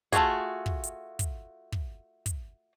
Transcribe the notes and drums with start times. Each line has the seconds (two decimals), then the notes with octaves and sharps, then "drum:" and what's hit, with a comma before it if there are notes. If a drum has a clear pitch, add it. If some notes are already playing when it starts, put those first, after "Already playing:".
0.12 A3 F4 F#4 G#4, drum: kick, hi-hat
0.66 drum: kick
0.84 drum: hi-hat
1.19 drum: kick, hi-hat
1.72 drum: kick
2.26 drum: kick, hi-hat